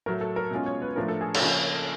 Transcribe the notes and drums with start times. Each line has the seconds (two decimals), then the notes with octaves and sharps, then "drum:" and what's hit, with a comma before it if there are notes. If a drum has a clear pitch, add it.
0.06 A2 F#3 A3 A#4
0.21 A4
0.36 A#4
0.51 B2 G#3 C#4 F4
0.66 C#5
0.82 B4
0.96 A2 F3 A3 D4 F4 A#4
1.08 A4
1.21 G#4
1.35 A4, drum: cymbal
1.42 C#3 F3 A#3 C#4 F4